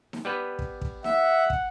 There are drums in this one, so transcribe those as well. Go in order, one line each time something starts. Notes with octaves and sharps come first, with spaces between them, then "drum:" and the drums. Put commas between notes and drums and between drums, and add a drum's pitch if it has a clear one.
drum: snare D#4
G3 B3 B4
drum: kick
drum: kick
E5 F#5, drum: snare D#4
drum: kick